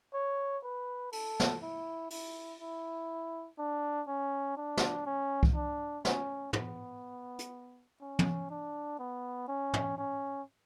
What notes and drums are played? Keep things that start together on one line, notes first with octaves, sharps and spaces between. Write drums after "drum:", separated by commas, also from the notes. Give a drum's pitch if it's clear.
C#5
B4
A4, drum: open hi-hat
drum: snare
E4
E4, drum: open hi-hat
E4
D4
C#4
D4
drum: snare
C#4
drum: kick C2
D4
C#4, drum: snare
B3, drum: tom
drum: hi-hat
C#4
drum: tom
D4
B3
C#4
drum: tom
C#4